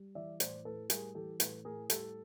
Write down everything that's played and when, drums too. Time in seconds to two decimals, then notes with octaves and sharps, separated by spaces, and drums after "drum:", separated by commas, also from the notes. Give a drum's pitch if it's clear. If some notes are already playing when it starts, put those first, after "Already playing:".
Already playing: G3
0.15 E3 D5 E5
0.40 A2 C5 D5, drum: hi-hat
0.65 A2 A4 B4
0.90 G3 G#4 A#4, drum: hi-hat
1.15 E3 G4 A4
1.40 A2 A4 B4, drum: hi-hat
1.65 A2 G#4 A#4
1.90 G3 G4 A4, drum: hi-hat